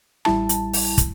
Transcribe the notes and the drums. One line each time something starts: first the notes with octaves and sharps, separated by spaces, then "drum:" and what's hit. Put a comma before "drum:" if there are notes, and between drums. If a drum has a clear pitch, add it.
A1 G3 E4 A5, drum: rim click
drum: hi-hat
drum: open hi-hat
drum: kick, hi-hat